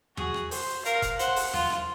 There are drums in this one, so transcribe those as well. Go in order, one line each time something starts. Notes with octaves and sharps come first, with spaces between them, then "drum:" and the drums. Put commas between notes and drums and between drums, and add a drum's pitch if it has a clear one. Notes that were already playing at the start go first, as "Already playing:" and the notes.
F#4 G#4, drum: tom E2
drum: rim click
C5, drum: open hi-hat
A#4 F5, drum: hi-hat
drum: kick E1, hi-hat
C5 F#5, drum: hi-hat
drum: open hi-hat
F4, drum: tom E2
drum: rim click